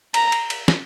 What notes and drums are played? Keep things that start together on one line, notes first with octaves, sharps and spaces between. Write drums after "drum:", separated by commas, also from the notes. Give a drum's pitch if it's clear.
A#5, drum: cymbal
drum: cymbal
drum: cymbal
drum: snare